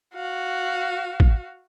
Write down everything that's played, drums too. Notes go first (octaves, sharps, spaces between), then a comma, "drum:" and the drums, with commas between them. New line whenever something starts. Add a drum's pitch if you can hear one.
F#4 F5
drum: kick A1